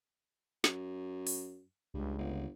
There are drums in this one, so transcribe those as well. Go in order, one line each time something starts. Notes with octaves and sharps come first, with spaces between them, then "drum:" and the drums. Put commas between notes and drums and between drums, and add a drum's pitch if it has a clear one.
F#2, drum: snare
drum: open hi-hat
C#2 G2
G1